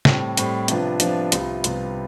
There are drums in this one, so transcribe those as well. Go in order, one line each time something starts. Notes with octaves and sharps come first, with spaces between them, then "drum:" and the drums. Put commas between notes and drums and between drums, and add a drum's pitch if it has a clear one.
A2 G3 C4, drum: snare
A2 G3 C4, drum: hi-hat
C3 F3 B3 D4 F4, drum: hi-hat
C3 F3 B3 D4 F4, drum: hi-hat
C2 C3 G3 B3 F4, drum: hi-hat
C2 C3 G3 B3 F4, drum: hi-hat